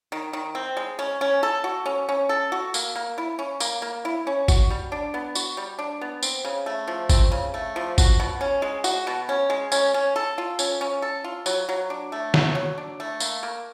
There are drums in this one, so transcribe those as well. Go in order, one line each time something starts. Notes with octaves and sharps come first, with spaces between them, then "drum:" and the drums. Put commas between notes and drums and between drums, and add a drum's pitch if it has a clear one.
D#3
D#3
C4
G#3
C#4
C#4
A4
F#4
C#4
C#4
A4
F#4
A#3, drum: tambourine
A#3
E4
C#4
A#3, drum: tambourine
A#3
E4
C#4
F#4, drum: kick G#1, tambourine
G3
D4
B3
F#4, drum: tambourine
G3
D4
B3
C4, drum: tambourine
C#3
A3
F3
C4, drum: kick G#1, tambourine
C#3
A3
F3
F#4, drum: kick G#1, tambourine
B2
C#4
G#3
F#4, drum: tambourine
B2
C#4
G#3
C#4, drum: tambourine
C#4
A4
F4
C#4, drum: tambourine
C#4
A4
F4
F#3, drum: tambourine
F#3
D4
A3
F#3, drum: snare
F#3
D4
A3
A#3, drum: tambourine
A#3